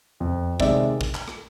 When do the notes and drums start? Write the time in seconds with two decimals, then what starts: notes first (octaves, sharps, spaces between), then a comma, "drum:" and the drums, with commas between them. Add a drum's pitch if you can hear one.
0.20 F2
0.60 C3 D#3 G#3 D5 E5, drum: kick
1.01 drum: kick
1.14 drum: clap
1.28 drum: rim click